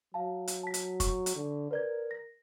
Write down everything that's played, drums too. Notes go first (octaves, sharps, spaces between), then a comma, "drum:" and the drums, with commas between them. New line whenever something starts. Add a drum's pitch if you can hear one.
F#3 F5 A5
drum: hi-hat
A5 B6
drum: hi-hat
C#6, drum: kick, hi-hat
drum: hi-hat
D3
A#4 B4 D5 G#6
A#6